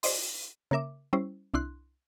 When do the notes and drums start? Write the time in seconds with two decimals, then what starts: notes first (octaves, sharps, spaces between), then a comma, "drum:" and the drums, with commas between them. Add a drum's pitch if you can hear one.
0.03 C5 D5 D#5 C6, drum: open hi-hat
0.71 C#3 A#3 A#4 E5 D6
1.13 G3 C#4 E4 C5
1.54 C2 D4 E4 C6 F#6